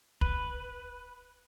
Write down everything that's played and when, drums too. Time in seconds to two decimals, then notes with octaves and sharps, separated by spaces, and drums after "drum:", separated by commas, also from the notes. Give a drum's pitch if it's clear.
0.21 B4, drum: kick